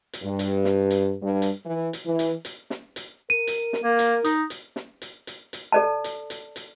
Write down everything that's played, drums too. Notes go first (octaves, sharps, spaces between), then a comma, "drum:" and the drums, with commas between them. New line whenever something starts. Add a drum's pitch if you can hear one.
drum: hi-hat
G2
drum: hi-hat
drum: snare
drum: hi-hat
G2
drum: hi-hat
E3
drum: hi-hat
E3
drum: hi-hat
drum: hi-hat
drum: snare
drum: hi-hat
A#4 D#7
drum: hi-hat
drum: snare
A#3 A#4
drum: hi-hat
D#4 D#6, drum: hi-hat
drum: hi-hat
drum: snare
drum: hi-hat
drum: hi-hat
drum: hi-hat
A4 D5 A5
drum: hi-hat
drum: hi-hat
drum: hi-hat